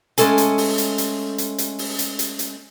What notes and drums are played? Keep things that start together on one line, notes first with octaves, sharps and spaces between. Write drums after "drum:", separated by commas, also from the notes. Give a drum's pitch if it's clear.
G#3 A3 C#4 A4 G#5, drum: hi-hat
drum: hi-hat
drum: open hi-hat
drum: hi-hat
drum: hi-hat
drum: hi-hat
drum: hi-hat
drum: open hi-hat
drum: hi-hat
drum: hi-hat
drum: hi-hat